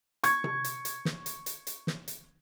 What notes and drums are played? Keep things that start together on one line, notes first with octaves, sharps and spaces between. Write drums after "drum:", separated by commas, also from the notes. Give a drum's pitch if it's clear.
C#6 G#6, drum: hi-hat
drum: tom C3
drum: hi-hat
drum: hi-hat
drum: snare
drum: hi-hat
drum: hi-hat
drum: hi-hat
drum: snare
drum: hi-hat